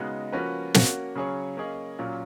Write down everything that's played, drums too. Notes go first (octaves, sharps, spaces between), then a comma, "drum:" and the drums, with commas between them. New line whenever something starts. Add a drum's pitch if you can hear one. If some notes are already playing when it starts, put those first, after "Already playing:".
Already playing: C#3 G#3 B3 D#4 F#4
F3 A#3 C#4 F#4 B4
A#3 C#4 F#4, drum: snare
C#3 F#3 C#4 G#4 C#5
A#3 C#4 G#4 D#5
A#2 F#3 C#4 F4